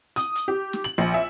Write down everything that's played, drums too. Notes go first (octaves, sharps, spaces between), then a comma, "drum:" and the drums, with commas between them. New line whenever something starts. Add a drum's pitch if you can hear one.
D#6, drum: hi-hat
drum: hi-hat
G4
drum: snare
F#7
A#1
E5